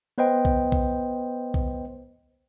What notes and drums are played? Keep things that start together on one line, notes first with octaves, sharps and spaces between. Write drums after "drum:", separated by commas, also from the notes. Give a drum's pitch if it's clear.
B3 B4 C5 D#5 G5
drum: kick B1
drum: kick B1
drum: kick B1